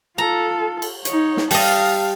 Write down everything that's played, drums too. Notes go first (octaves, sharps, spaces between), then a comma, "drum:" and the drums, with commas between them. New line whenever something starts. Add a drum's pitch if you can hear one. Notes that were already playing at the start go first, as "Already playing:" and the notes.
F4 A4 A#5
drum: cymbal
D#4 C#5, drum: hi-hat
drum: snare
G3 D#5 F5 A5, drum: open hi-hat